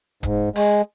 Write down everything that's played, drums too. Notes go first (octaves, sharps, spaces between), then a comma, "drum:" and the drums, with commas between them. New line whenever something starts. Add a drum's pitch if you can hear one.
G#2, drum: kick D#1, hi-hat
G#3, drum: open hi-hat